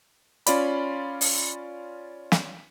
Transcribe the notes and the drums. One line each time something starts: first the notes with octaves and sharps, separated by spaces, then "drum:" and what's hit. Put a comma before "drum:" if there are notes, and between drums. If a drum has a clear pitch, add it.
C#4 F4 D5 B5, drum: hi-hat
drum: open hi-hat
drum: snare